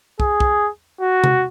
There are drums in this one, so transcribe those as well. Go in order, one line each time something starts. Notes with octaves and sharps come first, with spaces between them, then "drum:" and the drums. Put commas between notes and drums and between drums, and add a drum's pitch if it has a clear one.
G#4, drum: kick
drum: kick
F#4
drum: tom C3